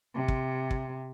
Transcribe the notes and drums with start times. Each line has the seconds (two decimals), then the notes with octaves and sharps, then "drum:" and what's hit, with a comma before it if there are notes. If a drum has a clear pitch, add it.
0.14 C3
0.28 drum: kick
0.71 drum: kick